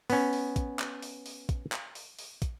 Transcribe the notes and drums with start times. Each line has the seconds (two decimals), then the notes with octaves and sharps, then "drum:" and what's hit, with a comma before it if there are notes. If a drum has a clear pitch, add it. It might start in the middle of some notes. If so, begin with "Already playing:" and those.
0.10 B3 C#4, drum: open hi-hat
0.33 drum: open hi-hat
0.56 drum: kick, hi-hat
0.79 drum: clap
1.02 drum: open hi-hat
1.26 drum: open hi-hat
1.49 drum: kick, hi-hat
1.72 drum: clap
1.95 drum: open hi-hat
2.19 drum: open hi-hat
2.42 drum: kick, hi-hat